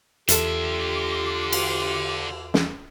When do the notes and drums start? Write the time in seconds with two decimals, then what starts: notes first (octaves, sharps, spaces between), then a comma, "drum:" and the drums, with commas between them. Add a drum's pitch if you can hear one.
0.28 E2 D3 F4 G4 A4 E5 C6 D6, drum: hi-hat
1.53 drum: cymbal
2.54 drum: snare